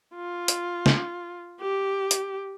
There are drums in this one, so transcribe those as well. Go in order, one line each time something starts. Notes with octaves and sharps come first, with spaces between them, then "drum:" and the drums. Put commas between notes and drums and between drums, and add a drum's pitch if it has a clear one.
F4
drum: hi-hat
drum: snare
G4
drum: hi-hat